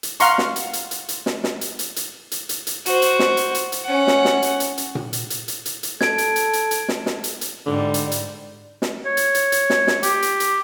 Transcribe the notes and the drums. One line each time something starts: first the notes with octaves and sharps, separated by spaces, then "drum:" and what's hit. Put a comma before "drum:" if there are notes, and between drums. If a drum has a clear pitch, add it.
drum: hi-hat
F5 F#5 A#5 C6 C#6, drum: hi-hat
drum: snare
drum: hi-hat
drum: hi-hat
drum: hi-hat
drum: hi-hat
drum: snare
drum: snare
drum: hi-hat
drum: hi-hat
drum: hi-hat
drum: hi-hat
drum: hi-hat
drum: hi-hat
F#4 C5, drum: hi-hat
drum: hi-hat
drum: snare
drum: hi-hat
drum: hi-hat
drum: hi-hat
C#4 F#5
drum: snare
drum: snare
drum: hi-hat
drum: hi-hat
drum: hi-hat
drum: tom A#2
drum: hi-hat
drum: hi-hat
drum: hi-hat
drum: hi-hat
drum: hi-hat
A4 G#6 D7, drum: snare
drum: hi-hat
drum: hi-hat
drum: hi-hat
drum: hi-hat
drum: snare
drum: snare
drum: hi-hat
drum: hi-hat
G#2 D3 G3
drum: hi-hat
drum: hi-hat
drum: snare
C#5
drum: hi-hat
drum: hi-hat
drum: hi-hat
drum: snare
drum: snare
G4, drum: hi-hat
drum: hi-hat
drum: hi-hat